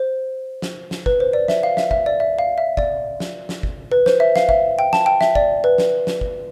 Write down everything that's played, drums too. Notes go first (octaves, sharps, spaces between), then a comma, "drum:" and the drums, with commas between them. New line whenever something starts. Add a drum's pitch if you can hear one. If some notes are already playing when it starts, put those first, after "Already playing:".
Already playing: C5
drum: snare
drum: snare
B4, drum: kick
C5
D5
E5, drum: snare
F5
E5, drum: snare
E5, drum: kick
D5
E5
F5
E5
D5, drum: kick
drum: snare
drum: snare
drum: kick
B4
C5, drum: snare
E5
F5, drum: snare
E5, drum: kick
G5
A5, drum: snare
G5
E5, drum: snare
D5, drum: kick
B4
drum: snare
drum: snare
drum: kick